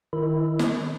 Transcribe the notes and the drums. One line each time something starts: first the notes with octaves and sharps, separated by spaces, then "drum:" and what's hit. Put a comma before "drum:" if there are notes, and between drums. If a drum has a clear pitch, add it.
D#3 E4
drum: snare